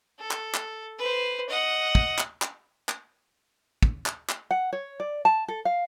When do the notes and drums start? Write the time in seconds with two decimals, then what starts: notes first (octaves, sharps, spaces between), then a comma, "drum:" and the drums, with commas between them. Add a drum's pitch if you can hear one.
0.19 A4
0.31 drum: clap
0.54 drum: clap
0.98 B4 C5
1.49 D#5 F#5
1.95 drum: kick
2.18 drum: clap
2.42 drum: clap
2.89 drum: clap
3.83 drum: kick
4.06 drum: clap
4.29 drum: clap
4.51 F#5
4.73 C#5
5.00 D5
5.25 A5
5.48 A4
5.65 F5